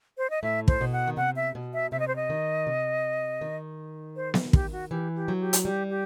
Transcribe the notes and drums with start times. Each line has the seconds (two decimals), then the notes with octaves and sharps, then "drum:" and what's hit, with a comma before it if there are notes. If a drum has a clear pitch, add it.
0.18 C5
0.30 D#5
0.43 A2 E5
0.68 C5, drum: kick
0.81 B2
0.92 F#5
1.07 D#3
1.17 C3 F#5
1.36 E5
1.55 B2
1.74 E5
1.92 C3 E5
2.00 D#5
2.08 C5
2.16 D#5
2.30 D#3
2.67 C3
3.41 D#3
4.16 C5
4.34 drum: snare B3
4.53 G4, drum: kick
4.72 F#4
4.91 E3 G4
5.15 G4
5.28 F#3
5.40 G4
5.53 drum: hi-hat
5.65 G3 G4
5.90 G4